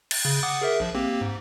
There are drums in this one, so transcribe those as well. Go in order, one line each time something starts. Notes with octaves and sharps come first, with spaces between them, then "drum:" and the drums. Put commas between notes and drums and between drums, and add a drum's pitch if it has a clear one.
drum: cymbal
C#3
F#5 D6 D#6
G#4 A#4 E5
A#1 F3
A#3 C4 G4
G#2